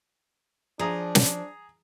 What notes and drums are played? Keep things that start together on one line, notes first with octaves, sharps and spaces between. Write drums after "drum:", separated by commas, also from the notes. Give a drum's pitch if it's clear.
F3 D4 G#4 A#5 D#6
drum: snare